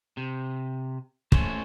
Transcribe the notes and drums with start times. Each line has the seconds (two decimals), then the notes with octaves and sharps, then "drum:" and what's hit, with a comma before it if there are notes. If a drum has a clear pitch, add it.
0.17 C3
1.32 A3 C#4 C5, drum: kick